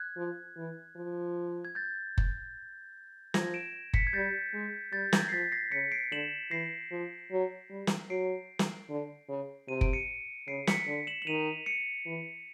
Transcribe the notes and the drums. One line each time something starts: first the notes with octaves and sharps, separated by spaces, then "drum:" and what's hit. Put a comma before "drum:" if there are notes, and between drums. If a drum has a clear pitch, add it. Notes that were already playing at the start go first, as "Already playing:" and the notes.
Already playing: F#6 G#6
F3
E3
F3
G#6
G6 A6
drum: kick F#1
F3 G#6 A#6, drum: snare
D7 E7
B6 C#7, drum: kick F#1
G#6
G3 G6 A6
G#3
G3 G6 A6
G#6 A#6, drum: snare
C7
F3 A6 B6
A#6 C7
C#3 B6 C#7
C7 D7
D3 E7 F#7
E3 A#6 C7
F3
F#3
G3
drum: snare
F#3 C7 D7
drum: snare
D3
C#3
C3 D#7
D7, drum: kick F#1
C#7 D#7
C#3 C7 D7
B6 C#7, drum: snare
D3
E7 F#7
F#7
D#3 D#7 F7
C#7 D#7
E3